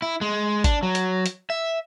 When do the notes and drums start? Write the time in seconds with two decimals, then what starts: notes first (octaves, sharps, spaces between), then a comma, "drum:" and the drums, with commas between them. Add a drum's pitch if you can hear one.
0.02 E4
0.21 G#3
0.64 D4, drum: kick G#1, hi-hat
0.83 F#3
0.95 drum: hi-hat
1.26 drum: hi-hat
1.50 E5